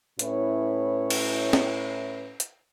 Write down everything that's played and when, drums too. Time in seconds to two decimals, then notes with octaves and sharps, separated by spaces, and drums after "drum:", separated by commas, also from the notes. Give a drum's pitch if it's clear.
0.19 A2 C#4 E4 B4 C#5, drum: hi-hat
1.10 drum: cymbal
1.53 drum: snare
2.40 drum: hi-hat